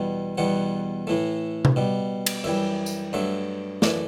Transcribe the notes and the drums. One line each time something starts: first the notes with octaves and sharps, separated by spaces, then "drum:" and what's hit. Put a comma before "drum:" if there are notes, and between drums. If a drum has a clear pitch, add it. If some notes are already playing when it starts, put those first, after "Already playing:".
Already playing: E2 B2 G3
E2 B2 G3 F#5
A2 E3 A3
drum: tom C3
B2 G3
drum: cymbal
F#2 E3 G3 E5
drum: tambourine
G2 F#3 A3 E5
F#2 E3 A3 D5, drum: snare